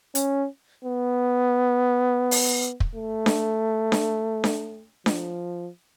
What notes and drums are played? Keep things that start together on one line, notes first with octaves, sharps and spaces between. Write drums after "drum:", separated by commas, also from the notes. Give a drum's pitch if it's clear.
C#4, drum: hi-hat
B3
drum: open hi-hat
drum: kick
A3
drum: snare D4
drum: snare D4
drum: snare D4
F3, drum: snare D4